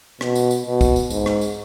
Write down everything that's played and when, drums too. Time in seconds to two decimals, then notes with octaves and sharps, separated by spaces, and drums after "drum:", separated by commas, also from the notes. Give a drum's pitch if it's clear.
0.21 B2, drum: rim click
0.35 drum: tambourine
0.51 drum: tambourine
0.66 B2
0.81 drum: kick, tambourine
0.96 drum: tambourine
1.10 G#2, drum: tambourine
1.26 drum: rim click
1.41 drum: tambourine